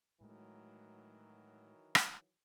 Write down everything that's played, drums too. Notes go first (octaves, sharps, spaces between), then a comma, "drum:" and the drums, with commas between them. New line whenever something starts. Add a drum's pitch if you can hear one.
A2 D#3 E3 F#3 G#3 A3
drum: rim click